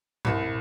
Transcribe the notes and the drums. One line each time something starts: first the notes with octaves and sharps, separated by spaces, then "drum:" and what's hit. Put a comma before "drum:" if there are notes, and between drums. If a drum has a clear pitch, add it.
C2, drum: tom G2